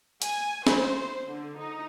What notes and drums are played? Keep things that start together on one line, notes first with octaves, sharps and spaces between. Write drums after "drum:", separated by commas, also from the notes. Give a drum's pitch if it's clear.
G#5, drum: hi-hat
C5, drum: snare
D3
D#4